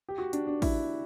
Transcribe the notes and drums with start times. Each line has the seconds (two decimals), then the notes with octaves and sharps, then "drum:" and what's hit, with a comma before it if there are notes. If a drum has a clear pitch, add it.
0.09 G4
0.18 F#4
0.33 D4, drum: hi-hat
0.47 D4
0.62 E4, drum: kick A1, open hi-hat